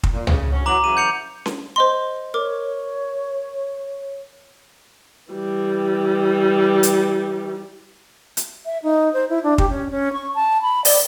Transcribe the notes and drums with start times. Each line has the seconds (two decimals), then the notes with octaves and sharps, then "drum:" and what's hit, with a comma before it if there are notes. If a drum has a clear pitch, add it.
0.03 drum: kick
0.13 A#2
0.27 C#3, drum: tom C#2
0.51 D2 F#3 C#4
0.66 E3 F#3 A#5 D6 F#7
0.84 C#3 E3 F#3 D#7
0.97 G6 C#7 F7
1.46 drum: snare C#4
1.76 C5 D#5 C6
2.34 A#4 C#5 D6
5.32 E3 G3
6.83 drum: hi-hat
8.37 drum: hi-hat
8.65 E5
8.83 D#4
9.13 C5
9.30 E4
9.43 D4
9.58 G4, drum: kick
9.70 C#4
9.91 C#4
10.13 C#6
10.35 A5
10.62 B5
10.85 D5, drum: open hi-hat